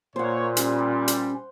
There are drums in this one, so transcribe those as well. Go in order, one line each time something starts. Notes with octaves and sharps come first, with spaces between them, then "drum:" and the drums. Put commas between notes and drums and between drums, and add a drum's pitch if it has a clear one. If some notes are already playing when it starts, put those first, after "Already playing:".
A#2 A#3 C5 C#5 F#5
G3 C#4, drum: hi-hat
drum: hi-hat